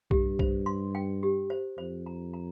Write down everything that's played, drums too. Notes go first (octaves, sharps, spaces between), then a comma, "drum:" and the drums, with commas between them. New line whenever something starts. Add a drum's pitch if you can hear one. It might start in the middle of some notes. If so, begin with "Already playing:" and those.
G2 G4, drum: kick B1
C5, drum: kick B1
C6
G5
G4
C5
F2 C5
A#5
A#5